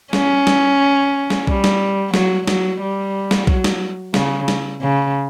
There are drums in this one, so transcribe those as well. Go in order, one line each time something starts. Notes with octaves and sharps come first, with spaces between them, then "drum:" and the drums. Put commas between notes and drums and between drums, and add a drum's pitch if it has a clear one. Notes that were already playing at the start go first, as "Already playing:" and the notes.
C#4, drum: snare
drum: snare
drum: snare
G3, drum: kick B1
drum: snare
F#3, drum: snare
F#3, drum: snare
G3
drum: snare
F#3, drum: kick B1
drum: snare
C#3, drum: snare
drum: snare
C#3